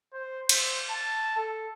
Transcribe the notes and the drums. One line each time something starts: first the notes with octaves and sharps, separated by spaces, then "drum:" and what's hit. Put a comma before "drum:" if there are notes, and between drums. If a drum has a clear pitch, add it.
C5
C5, drum: cymbal
A5
A4